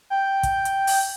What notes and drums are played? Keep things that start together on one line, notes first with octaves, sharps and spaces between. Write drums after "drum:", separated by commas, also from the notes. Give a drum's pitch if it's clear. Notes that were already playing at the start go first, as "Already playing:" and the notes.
G5
drum: kick, hi-hat
drum: hi-hat
drum: open hi-hat